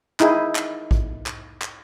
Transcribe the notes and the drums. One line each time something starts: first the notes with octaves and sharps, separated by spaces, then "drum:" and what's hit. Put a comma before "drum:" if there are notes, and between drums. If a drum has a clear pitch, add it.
D#4 E4 G#4, drum: clap
drum: clap
drum: kick A1
drum: clap
drum: clap